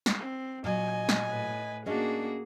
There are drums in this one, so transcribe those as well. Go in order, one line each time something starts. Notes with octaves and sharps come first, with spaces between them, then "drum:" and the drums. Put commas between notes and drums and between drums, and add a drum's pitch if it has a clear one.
drum: snare
C4
A#2 F#3 D#5 G#5
drum: snare
A2 B4
A#3 C#4 D4 F#4 G#4 D#5